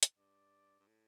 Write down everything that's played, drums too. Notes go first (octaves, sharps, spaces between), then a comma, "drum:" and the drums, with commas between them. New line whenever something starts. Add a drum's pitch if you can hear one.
drum: hi-hat
G2 D5
G2
A2